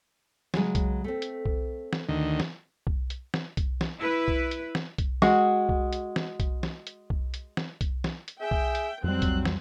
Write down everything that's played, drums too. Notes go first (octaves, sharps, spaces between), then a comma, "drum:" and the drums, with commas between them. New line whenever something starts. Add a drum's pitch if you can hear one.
C#3 F#3 G#3, drum: snare
drum: kick B1, hi-hat
A3 C4
drum: hi-hat
drum: kick B1
drum: snare
D2 D#3
drum: snare
drum: kick B1
drum: hi-hat
drum: snare
drum: kick B1, hi-hat
drum: snare
E4 B4
drum: kick B1
drum: hi-hat
drum: snare
drum: kick B1, hi-hat
G#3 F#4, drum: snare
drum: kick B1
drum: hi-hat
drum: snare
drum: kick B1, hi-hat
drum: snare
drum: hi-hat
drum: kick B1
drum: hi-hat
drum: snare
drum: kick B1, hi-hat
drum: snare
drum: hi-hat
G#4 E5 G5
drum: kick B1
drum: hi-hat
F2 F#3 G3 C4 F#6
drum: kick B1, hi-hat
drum: snare